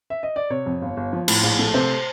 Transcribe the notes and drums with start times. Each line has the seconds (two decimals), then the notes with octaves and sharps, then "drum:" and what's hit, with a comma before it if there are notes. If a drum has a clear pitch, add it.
0.10 E5
0.23 D#5
0.36 D5
0.50 C3 C#5
0.66 F2
0.82 G1
0.97 G1
1.13 F3
1.28 A2, drum: cymbal
1.43 A#1
1.59 A3
1.74 C3 C5